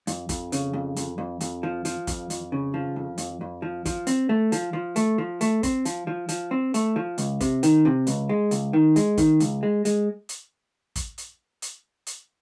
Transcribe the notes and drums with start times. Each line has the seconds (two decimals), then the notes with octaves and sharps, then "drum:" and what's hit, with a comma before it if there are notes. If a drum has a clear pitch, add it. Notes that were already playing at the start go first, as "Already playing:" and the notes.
0.07 F2, drum: hi-hat
0.29 F2, drum: kick, hi-hat
0.52 C#3, drum: hi-hat
0.73 F2
0.97 F2, drum: hi-hat
1.18 F2
1.41 F2, drum: hi-hat
1.63 F3
1.85 F3, drum: hi-hat
2.07 F2, drum: kick, hi-hat
2.30 F2, drum: hi-hat
2.52 C#3
2.74 F3
2.96 F2
3.18 F2, drum: hi-hat
3.41 F2
3.62 F3
3.86 F3, drum: kick, hi-hat
4.07 C4, drum: hi-hat
4.29 A3
4.52 F3, drum: hi-hat
4.73 F3
4.96 A3, drum: hi-hat
5.18 F3
5.41 A3, drum: hi-hat
5.63 C4, drum: kick, hi-hat
5.85 F3, drum: hi-hat
6.07 F3
6.29 F3, drum: hi-hat
6.51 C4
6.74 A3, drum: hi-hat
6.96 F3
7.18 C#2, drum: hi-hat
7.41 C3, drum: kick, hi-hat
7.63 D#3, drum: hi-hat
7.85 C3
8.07 C#2, drum: hi-hat
8.29 G#3
8.51 C#2, drum: hi-hat
8.73 D#3
8.96 G#3, drum: hi-hat
9.18 D#3, drum: kick, hi-hat
9.40 C#2, drum: hi-hat
9.63 G#3
9.85 G#3, drum: hi-hat
10.29 drum: hi-hat
10.96 drum: kick, hi-hat
11.18 drum: hi-hat
11.62 drum: hi-hat
12.07 drum: hi-hat